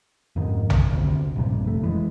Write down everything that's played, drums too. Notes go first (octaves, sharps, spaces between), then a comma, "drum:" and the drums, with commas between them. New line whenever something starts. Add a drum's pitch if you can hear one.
F2 G#2 D#3
drum: tom A#1
D2 C3
A#1 G2 C3
F1 A3
E3 G#3